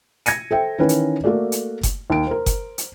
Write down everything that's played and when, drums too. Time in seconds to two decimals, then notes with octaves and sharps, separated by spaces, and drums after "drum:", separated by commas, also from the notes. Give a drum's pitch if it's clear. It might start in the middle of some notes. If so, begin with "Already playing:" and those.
0.26 G#6 A#6 C#7 D#7, drum: hi-hat
0.51 A4 C5 E5 G5
0.79 D#3 E3 C#4 B4
0.89 drum: hi-hat
1.24 A3 A#3 F#4 A4 D5
1.52 drum: hi-hat
1.83 drum: kick F#1, hi-hat
2.10 D#2 D7
2.27 A#4 C5
2.46 drum: kick F#1, hi-hat
2.78 drum: hi-hat